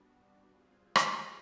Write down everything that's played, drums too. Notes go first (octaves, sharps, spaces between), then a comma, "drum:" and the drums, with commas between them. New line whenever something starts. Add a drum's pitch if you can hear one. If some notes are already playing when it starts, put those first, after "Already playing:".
Already playing: G3 B3 D4 F#4
G3 C4 F4 G#4
drum: rim click